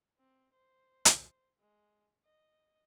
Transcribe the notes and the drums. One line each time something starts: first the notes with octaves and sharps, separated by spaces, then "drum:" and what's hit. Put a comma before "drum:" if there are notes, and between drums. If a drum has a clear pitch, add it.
C4
C5
drum: hi-hat
G#3
D#5